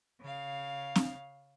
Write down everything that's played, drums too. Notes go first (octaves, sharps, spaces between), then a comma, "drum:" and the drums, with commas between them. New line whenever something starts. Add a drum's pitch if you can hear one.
C#3 F5
drum: snare